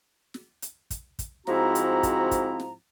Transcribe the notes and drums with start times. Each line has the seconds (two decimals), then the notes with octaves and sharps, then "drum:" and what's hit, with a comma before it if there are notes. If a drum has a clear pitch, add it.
0.34 drum: snare
0.62 drum: hi-hat
0.90 drum: kick, hi-hat
1.19 drum: kick, hi-hat
1.47 G#2 F3 C4 E4 F#4 A#5, drum: snare
1.75 drum: hi-hat
2.03 drum: kick, hi-hat
2.31 drum: kick, hi-hat
2.60 drum: snare